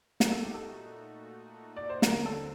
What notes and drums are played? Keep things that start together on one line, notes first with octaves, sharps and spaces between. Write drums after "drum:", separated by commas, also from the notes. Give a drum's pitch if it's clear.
A#2 A3 D#4 F#4 A#4, drum: snare
A4
G4
A4
D5
C5
D#2 D3 F#3 C4 A#4, drum: snare
A4